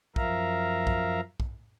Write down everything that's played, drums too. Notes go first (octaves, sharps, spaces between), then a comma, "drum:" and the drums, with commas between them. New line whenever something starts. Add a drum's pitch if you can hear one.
F#2 F3 A#4 E5 F5 A#5, drum: kick
drum: kick
drum: kick